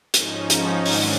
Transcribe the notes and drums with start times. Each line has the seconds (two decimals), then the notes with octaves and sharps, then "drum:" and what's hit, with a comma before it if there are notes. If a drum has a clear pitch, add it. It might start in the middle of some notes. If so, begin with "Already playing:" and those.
0.14 G#2 F3 C#4 D#4, drum: hi-hat
0.50 drum: hi-hat
0.86 G#2 D#3 F#3 C4 D4, drum: open hi-hat